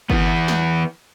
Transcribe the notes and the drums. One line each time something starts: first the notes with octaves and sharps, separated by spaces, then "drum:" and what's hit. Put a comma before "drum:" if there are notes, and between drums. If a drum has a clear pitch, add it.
E3 B3, drum: kick G1
drum: snare